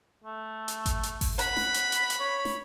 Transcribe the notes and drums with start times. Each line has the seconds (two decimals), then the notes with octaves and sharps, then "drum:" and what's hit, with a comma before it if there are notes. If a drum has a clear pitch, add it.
0.24 A3
0.68 drum: hi-hat
0.86 drum: kick G#1, hi-hat
1.03 drum: hi-hat
1.21 drum: kick G#1, open hi-hat
1.39 F#5 B5, drum: hi-hat
1.57 drum: snare
1.74 drum: hi-hat
1.92 drum: hi-hat
2.10 drum: hi-hat
2.20 C#5
2.45 drum: snare